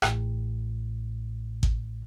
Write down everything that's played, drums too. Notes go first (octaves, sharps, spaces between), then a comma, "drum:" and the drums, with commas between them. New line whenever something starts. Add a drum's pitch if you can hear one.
A1 A2, drum: rim click
drum: kick G#1